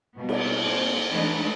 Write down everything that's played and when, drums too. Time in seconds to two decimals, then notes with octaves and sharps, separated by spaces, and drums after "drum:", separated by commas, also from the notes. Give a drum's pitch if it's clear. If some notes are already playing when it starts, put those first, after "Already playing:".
0.17 B2 G3 A#3 B3
0.29 drum: cymbal
0.66 A#3 C4
1.10 E3 G#3 A3 D4 D#4 B4